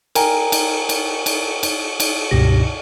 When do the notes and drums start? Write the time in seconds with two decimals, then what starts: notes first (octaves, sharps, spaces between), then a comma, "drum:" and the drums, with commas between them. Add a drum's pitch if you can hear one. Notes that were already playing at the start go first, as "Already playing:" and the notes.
0.15 A#4 G5 G#5 A#5, drum: cymbal
0.52 drum: cymbal
0.89 drum: cymbal
1.26 drum: cymbal
1.63 drum: cymbal
2.00 drum: cymbal
2.31 C#2 G2 B2 G4 A#6